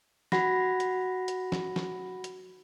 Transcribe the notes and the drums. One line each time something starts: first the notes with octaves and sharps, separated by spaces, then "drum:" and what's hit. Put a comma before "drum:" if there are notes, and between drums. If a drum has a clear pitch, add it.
F#4 F#5 B5 A#6, drum: snare
drum: hi-hat
drum: hi-hat
drum: snare
drum: snare
drum: hi-hat